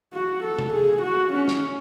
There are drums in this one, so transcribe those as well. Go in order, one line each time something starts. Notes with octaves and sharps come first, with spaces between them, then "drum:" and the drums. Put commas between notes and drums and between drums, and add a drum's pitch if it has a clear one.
F#4
A4
drum: tom C3
G#4
F#4
C#4
drum: snare